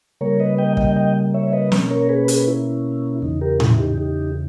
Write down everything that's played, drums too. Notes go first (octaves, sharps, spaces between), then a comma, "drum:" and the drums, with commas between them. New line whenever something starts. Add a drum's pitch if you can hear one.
C#3 G3 A#3 A#4 C#5
B4 D#5
D#5 G5
D#5 G5, drum: kick
D#5 G5
C#5 E5
C#5
B4 D#5
B2 A#3 C#4, drum: snare
A#4 C#5
G#4 B4
G#4 B4, drum: hi-hat
E4
E2 C#3 E3 D#4
G4 A#4
E4, drum: tom A2
D#4 G4
D#4 G4